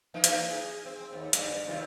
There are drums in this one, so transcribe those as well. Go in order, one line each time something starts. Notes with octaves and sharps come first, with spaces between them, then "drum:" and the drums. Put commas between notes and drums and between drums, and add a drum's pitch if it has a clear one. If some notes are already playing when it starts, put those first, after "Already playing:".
E3 A#3 D#4
drum: hi-hat
G#4
C4
D#2
G2, drum: hi-hat
D#2 C3 F4